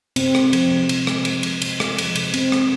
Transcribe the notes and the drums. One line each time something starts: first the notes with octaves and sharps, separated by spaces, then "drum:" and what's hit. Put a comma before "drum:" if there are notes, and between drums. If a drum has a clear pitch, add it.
C3 C4, drum: cymbal
G#3, drum: rim click
F3, drum: cymbal
C3
C3, drum: cymbal
G#3, drum: rim click
F3, drum: cymbal
C3, drum: cymbal
C3, drum: cymbal
G#3, drum: rim click
F3, drum: cymbal
C3, drum: cymbal
C3 C4, drum: cymbal
G#3, drum: rim click